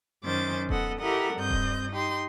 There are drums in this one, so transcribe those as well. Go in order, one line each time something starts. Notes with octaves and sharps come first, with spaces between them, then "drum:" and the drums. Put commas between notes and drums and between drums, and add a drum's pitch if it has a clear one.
F#2 D#3 C#4 C5 D6 A6
B3 A4 D#5 F#5, drum: kick D#1
E4 G4 A4 A#4 D#5 F#5
G2 C4 D#5 G6
drum: kick D#1
D#4 G4 C6